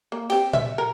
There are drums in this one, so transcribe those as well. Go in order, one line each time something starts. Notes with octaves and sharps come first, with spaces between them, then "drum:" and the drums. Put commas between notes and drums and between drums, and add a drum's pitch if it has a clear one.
A#3
C4 G4, drum: cymbal
E5, drum: tom A#2
A#4